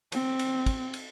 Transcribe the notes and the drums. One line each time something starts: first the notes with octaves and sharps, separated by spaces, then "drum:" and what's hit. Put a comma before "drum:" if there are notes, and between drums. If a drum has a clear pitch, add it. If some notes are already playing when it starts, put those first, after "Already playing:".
C4, drum: cymbal
drum: cymbal
drum: kick, cymbal
drum: cymbal